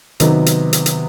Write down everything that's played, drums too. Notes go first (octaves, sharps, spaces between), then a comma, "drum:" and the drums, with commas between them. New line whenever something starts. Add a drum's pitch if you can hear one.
C3 D#3 F#3 B3 D#4, drum: hi-hat
drum: hi-hat
drum: hi-hat
drum: hi-hat